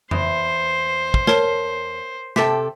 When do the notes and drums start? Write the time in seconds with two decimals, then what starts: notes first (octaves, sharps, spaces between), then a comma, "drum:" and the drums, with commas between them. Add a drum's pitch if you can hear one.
0.11 E2 C5, drum: tom F2
1.14 drum: kick
1.27 A#4 C#5 A5, drum: snare
2.36 C3 A4 G5 B6, drum: snare